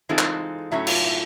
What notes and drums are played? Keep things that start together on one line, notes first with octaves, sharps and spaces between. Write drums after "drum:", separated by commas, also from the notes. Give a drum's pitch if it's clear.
E3 G#3 C4 D#4 F4 A4
drum: clap
A2 F#3 A3 C#4 E4
F4, drum: cymbal
E4